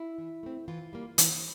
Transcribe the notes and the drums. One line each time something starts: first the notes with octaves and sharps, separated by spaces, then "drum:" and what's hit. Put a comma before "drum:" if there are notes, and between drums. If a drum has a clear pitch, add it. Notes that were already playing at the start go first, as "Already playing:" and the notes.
Already playing: E4
E3
A3 C4
E3 F4
G3 A#3
E3, drum: hi-hat